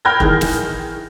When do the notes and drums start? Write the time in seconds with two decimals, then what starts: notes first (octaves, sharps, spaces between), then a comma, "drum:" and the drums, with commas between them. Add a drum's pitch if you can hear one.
0.05 G5 B5 F6 G6 G#6 A#6
0.20 D#3 E3 G#4, drum: kick E1
0.41 drum: snare